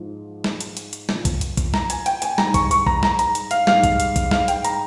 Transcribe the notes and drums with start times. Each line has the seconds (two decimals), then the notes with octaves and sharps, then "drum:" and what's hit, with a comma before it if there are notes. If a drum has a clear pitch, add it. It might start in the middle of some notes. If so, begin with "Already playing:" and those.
Already playing: G#2 F3
0.44 drum: snare
0.61 drum: hi-hat
0.77 drum: hi-hat
0.93 drum: hi-hat
1.09 A#2 F3, drum: snare
1.25 drum: kick, hi-hat
1.41 drum: hi-hat
1.57 drum: kick, hi-hat
1.74 A#5, drum: snare
1.90 G#5, drum: hi-hat
2.06 G5, drum: hi-hat
2.22 G#5, drum: hi-hat
2.38 G#2 G3 A#5, drum: snare
2.54 C#6, drum: kick, hi-hat
2.71 C#6, drum: hi-hat
2.86 A#5, drum: kick
3.03 A#5, drum: snare
3.19 A#5, drum: hi-hat
3.35 drum: hi-hat
3.51 F5, drum: hi-hat
3.67 G#2 G3 F5, drum: snare
3.83 drum: kick, hi-hat
4.00 drum: hi-hat
4.16 drum: kick, hi-hat
4.31 F5, drum: snare
4.48 G5, drum: hi-hat
4.64 A#5, drum: hi-hat